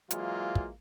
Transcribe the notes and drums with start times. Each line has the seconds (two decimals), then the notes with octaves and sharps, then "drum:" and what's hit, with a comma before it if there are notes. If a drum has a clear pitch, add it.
0.11 E3 F#3 G#3 A#3 E4 F4, drum: hi-hat
0.55 drum: kick